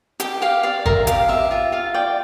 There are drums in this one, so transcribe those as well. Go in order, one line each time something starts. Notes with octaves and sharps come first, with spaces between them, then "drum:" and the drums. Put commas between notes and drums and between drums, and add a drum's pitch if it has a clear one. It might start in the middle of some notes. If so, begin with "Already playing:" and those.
G4 G5, drum: hi-hat
G4 F5
D5 F5
A#4 E5, drum: kick G#1
G4 F5, drum: hi-hat
G4 E5
F4 E5
F4 F5
D5 G5